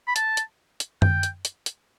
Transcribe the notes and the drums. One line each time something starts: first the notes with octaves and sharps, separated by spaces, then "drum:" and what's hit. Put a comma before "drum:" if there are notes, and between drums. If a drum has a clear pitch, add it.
B5
A5, drum: hi-hat
drum: hi-hat
drum: hi-hat
G5, drum: tom F#2
drum: hi-hat
drum: hi-hat
drum: hi-hat